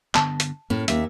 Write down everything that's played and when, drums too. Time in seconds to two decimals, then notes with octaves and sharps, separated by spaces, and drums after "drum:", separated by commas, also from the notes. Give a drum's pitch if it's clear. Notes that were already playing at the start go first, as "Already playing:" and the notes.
0.15 G2 D3 B3 A5, drum: clap
0.40 drum: hi-hat
0.70 A2 A#3 C#4
0.88 D#2 E5, drum: hi-hat